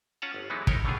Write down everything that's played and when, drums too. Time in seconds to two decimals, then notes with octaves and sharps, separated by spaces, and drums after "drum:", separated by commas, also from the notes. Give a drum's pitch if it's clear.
0.22 C#4 F4 F#5 A5 A#5
0.34 G1
0.50 E3 F#3 G#3 B3 D#4 E4
0.67 D#4 E4 A#4 C#5 G5, drum: kick
0.85 B2 D3 D#3 A3 F4 G#4